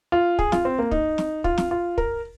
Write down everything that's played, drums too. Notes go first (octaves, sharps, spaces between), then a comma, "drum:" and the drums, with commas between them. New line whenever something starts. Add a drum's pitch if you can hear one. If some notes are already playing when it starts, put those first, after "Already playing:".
F4
G#4, drum: kick
F4, drum: snare
C4
A#3
D#4, drum: kick
drum: snare
F4, drum: kick
drum: snare
F4
A#4, drum: kick